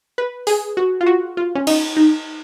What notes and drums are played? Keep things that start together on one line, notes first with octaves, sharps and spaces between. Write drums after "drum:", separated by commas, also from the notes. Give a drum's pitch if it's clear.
B4
G#4, drum: open hi-hat
F#4
F4
F#4
F4
C#4
D#4, drum: cymbal
D#4